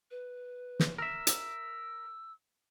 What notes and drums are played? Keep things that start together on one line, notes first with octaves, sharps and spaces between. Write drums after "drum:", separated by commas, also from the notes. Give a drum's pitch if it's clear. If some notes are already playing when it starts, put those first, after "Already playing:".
B4
drum: snare
A#4 E5 E6
drum: hi-hat